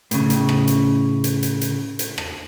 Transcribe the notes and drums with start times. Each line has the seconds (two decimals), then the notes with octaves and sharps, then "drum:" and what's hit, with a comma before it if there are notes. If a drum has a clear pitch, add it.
0.11 A2 C#3, drum: hi-hat
0.30 drum: hi-hat
0.49 drum: rim click
0.67 drum: hi-hat
1.24 drum: hi-hat
1.43 drum: hi-hat
1.61 drum: hi-hat
1.99 drum: hi-hat
2.18 drum: rim click